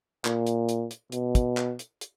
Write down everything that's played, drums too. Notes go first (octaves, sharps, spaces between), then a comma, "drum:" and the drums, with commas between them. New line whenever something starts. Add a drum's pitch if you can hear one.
A#2, drum: clap
drum: hi-hat
drum: hi-hat
drum: hi-hat
B2, drum: hi-hat
drum: kick, hi-hat
drum: clap
drum: hi-hat
drum: hi-hat